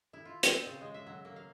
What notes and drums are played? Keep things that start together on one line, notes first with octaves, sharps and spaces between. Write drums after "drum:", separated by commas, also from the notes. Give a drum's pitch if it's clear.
E4
F4
C4, drum: hi-hat
C#3
G#3
E5
F#3
A#3
F5